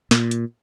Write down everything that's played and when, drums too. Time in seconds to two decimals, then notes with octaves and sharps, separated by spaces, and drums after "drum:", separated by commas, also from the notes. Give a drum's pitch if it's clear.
0.11 A#2, drum: snare
0.31 drum: hi-hat